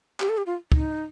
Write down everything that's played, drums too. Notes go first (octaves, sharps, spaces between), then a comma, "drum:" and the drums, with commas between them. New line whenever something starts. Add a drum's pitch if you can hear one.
G4, drum: clap
A4
G4
F4
D#4, drum: kick